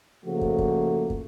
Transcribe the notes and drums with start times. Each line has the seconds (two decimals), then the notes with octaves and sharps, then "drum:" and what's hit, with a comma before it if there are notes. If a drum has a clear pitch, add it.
0.24 C#3 F3 A3 A#3 F#4
0.41 drum: kick
0.59 drum: kick
1.10 drum: kick